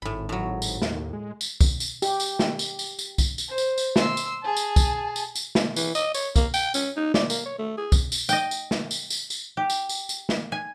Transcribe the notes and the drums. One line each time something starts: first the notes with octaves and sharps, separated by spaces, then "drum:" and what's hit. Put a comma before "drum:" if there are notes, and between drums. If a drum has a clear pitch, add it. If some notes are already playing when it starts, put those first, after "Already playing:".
G#1 A2 B5
A2 F#3
drum: tambourine
D#2, drum: snare
G#3
drum: tambourine
drum: kick, tambourine
drum: tambourine
G4, drum: tambourine
drum: tambourine
drum: snare
drum: tambourine
drum: tambourine
drum: tambourine
drum: kick, tambourine
drum: tambourine
C5
drum: tambourine
drum: tambourine
C6 E6, drum: snare
drum: tambourine
G#4 A5
drum: tambourine
drum: kick, tambourine
drum: tambourine
drum: tambourine
drum: snare
E3, drum: tambourine
D#5, drum: tambourine
C#5, drum: tambourine
A#3, drum: kick, tambourine
G5, drum: tambourine
C#4, drum: tambourine
D#4
D5, drum: snare
A#3, drum: tambourine
C#5
A3
G#4
drum: kick, tambourine
drum: tambourine
D#5 G5, drum: tambourine
drum: tambourine
drum: snare
drum: tambourine
drum: tambourine
drum: tambourine
G4
drum: tambourine
drum: tambourine
drum: tambourine
drum: snare
G#5